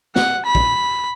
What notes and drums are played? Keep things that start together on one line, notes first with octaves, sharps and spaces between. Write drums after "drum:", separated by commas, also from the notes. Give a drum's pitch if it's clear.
F#5, drum: snare
B5
drum: kick